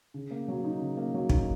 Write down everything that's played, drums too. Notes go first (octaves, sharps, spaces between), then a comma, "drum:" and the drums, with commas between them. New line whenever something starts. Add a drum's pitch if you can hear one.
C#3
A#3
F#3
D#4
C#3
A#3
F#3
D#4, drum: kick